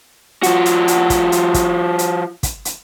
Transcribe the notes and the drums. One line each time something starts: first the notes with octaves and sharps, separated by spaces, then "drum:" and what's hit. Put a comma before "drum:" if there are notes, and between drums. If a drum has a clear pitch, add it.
F3 F#4, drum: hi-hat
drum: hi-hat
drum: hi-hat
drum: kick, hi-hat
drum: hi-hat
drum: kick, hi-hat
drum: hi-hat
drum: kick, hi-hat
drum: hi-hat